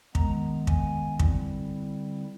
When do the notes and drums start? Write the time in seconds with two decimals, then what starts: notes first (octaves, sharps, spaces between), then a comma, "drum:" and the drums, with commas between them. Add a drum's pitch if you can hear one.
0.15 D#3 G#3 B3 A#5, drum: kick
0.67 G#5, drum: kick
1.19 D3 G3 C4 E4, drum: kick